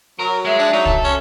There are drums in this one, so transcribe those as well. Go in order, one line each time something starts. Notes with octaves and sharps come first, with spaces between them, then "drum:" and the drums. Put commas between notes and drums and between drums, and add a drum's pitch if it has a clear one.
F#3 A#4
G#3 E5
D4
F#3 D#4
A4, drum: kick C2
C#4